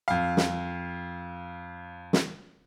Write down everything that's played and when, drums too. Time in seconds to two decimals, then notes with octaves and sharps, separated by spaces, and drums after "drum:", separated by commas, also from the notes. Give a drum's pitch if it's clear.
0.08 F2 F5
0.37 drum: snare
2.13 drum: snare